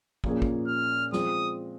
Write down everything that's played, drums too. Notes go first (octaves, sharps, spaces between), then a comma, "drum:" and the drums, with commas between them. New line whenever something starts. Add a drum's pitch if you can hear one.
A#2 F3 A#3 C#4 G#4, drum: kick
drum: kick
F6
F3 G#3 C4 D#6, drum: snare